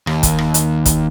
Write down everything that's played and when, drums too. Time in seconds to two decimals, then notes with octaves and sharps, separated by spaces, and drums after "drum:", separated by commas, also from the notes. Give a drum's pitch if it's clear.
0.07 D#2, drum: rim click
0.23 drum: kick, hi-hat
0.38 drum: rim click
0.54 drum: hi-hat
0.86 drum: kick, hi-hat